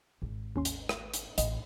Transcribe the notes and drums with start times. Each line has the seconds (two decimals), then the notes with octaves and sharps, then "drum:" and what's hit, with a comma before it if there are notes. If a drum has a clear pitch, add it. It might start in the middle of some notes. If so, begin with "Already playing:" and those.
0.22 G#1
0.56 D#2 C#4 C6
0.65 drum: hi-hat
0.89 drum: rim click
1.14 drum: hi-hat
1.38 A1 D#5, drum: hi-hat